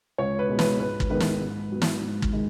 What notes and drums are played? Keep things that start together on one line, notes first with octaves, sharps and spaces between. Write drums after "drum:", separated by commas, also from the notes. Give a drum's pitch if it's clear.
C#2 C#5
B4
B2 G#3 B3
B4, drum: snare
G#2 B4
drum: kick
D#3 G#3 B3 D#4 B4
drum: snare
G#2
F#3 B3
drum: snare
G#2
drum: kick
D#3 G#3 D#4